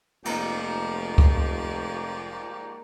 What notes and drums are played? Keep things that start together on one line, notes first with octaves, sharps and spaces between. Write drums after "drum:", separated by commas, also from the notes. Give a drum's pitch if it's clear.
F1 G#2 F3 A#3 D#4 G4 D5, drum: cymbal
drum: kick C#2